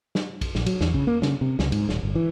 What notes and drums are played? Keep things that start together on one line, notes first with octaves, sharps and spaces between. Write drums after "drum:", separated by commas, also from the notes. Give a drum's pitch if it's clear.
drum: snare
drum: kick A#1, cymbal
A#1, drum: snare
F#3, drum: cymbal
E2, drum: snare
C#3, drum: kick A#1
A#3
C#3, drum: snare
C3
C#2, drum: snare
G#2, drum: cymbal
D#1, drum: snare
G1
E3